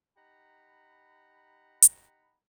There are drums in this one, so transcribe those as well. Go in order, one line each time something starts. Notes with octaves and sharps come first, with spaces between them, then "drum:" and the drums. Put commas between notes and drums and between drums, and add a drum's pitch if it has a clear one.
D#4 G4 F#5 A#5 B5
drum: hi-hat